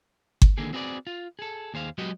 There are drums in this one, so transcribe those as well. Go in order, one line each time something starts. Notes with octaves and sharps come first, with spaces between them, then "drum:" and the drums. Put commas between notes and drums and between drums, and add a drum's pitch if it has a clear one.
drum: kick G1
D3 D#3 A#3 G#4
C4 F#4 G#4 B4 C#5 D5
F4
G#4 A4
D#2 G#4 C5 F5
F#3 G#3 B3 F#4 G4 D#5